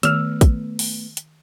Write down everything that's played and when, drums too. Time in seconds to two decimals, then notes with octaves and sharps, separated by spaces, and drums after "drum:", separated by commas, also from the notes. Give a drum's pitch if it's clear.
0.03 D#3 A3 B3 E6 F6, drum: hi-hat
0.41 drum: kick, hi-hat
0.79 drum: open hi-hat
1.17 drum: hi-hat